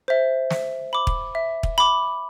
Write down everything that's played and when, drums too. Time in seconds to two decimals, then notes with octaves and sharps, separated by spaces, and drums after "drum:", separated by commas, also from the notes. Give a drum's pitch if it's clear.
0.08 C5 E5
0.50 E5, drum: snare
0.93 B5 D6
1.07 drum: kick
1.35 E5
1.63 drum: kick
1.78 B5 D6